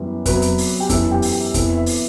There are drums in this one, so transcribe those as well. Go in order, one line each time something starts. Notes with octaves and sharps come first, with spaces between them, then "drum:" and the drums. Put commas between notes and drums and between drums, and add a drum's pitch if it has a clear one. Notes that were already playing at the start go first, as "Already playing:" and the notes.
Already playing: F#2 E3 G3 B3
C3 F#3 B3 B4, drum: kick F2, hi-hat
drum: hi-hat
drum: open hi-hat
G4
F#2 E3 B3 A4, drum: kick F2, hi-hat
G4
drum: open hi-hat
G4
C3 E3 B3 A4, drum: kick F2, hi-hat
E5
drum: open hi-hat